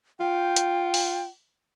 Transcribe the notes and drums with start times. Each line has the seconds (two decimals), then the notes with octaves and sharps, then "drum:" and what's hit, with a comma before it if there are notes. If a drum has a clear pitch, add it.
0.20 F4 G5
0.56 drum: hi-hat
0.94 drum: open hi-hat